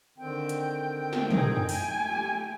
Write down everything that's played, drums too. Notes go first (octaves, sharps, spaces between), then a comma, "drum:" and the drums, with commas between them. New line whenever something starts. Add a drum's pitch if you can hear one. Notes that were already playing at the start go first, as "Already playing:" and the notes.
D3 D#3 C4 G5
drum: hi-hat
drum: snare
D#4 G#4, drum: tom
A3 G#5, drum: open hi-hat
G4